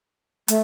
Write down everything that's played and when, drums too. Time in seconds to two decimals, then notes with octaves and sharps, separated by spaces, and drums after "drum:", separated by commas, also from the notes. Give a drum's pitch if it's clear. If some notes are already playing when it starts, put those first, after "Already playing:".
0.48 A3, drum: hi-hat